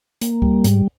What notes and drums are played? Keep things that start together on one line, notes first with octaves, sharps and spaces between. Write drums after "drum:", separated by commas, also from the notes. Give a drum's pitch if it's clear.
A#3, drum: hi-hat
G3, drum: kick C#2
G#2, drum: hi-hat